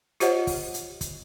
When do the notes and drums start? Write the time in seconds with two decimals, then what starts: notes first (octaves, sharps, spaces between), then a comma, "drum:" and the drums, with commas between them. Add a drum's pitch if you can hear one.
0.20 F4 G4 C5 C#5 D#5 F#5, drum: hi-hat
0.47 drum: kick, open hi-hat
0.74 drum: hi-hat
1.01 drum: kick, hi-hat